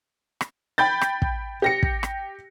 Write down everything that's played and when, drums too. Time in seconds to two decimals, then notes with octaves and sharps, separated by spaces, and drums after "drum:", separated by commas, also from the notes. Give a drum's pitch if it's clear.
0.41 drum: rim click
0.78 G5 B5 G6 A6
1.01 drum: rim click
1.22 drum: kick
1.62 G4 A#6 C#7
1.83 drum: kick
2.03 drum: rim click